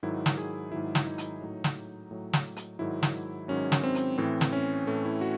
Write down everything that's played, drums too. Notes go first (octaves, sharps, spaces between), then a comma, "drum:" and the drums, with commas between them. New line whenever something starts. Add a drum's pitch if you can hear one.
G#2 D#3 F#3 E4
drum: snare
G#4
G#2 D#3 F#3 E4
drum: snare
D#4
drum: hi-hat
A2 F#3
drum: snare
A2 F#3
drum: snare
drum: hi-hat
G#2 D#3 F#3 E4
drum: snare
G#2 D#3 F#3 C#4
drum: snare
C4
drum: hi-hat
A2 E3 C4
drum: snare
C#4
A2 E3 A3
E4
F#4